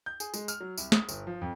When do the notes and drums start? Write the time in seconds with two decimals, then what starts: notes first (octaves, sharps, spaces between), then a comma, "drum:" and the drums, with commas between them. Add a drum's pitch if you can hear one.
0.06 G6
0.20 G#4, drum: tambourine
0.34 G#3, drum: tambourine
0.48 F6, drum: tambourine
0.60 F#3
0.78 C2, drum: tambourine
0.92 D#6, drum: snare
1.09 G1, drum: tambourine
1.27 F3
1.42 F2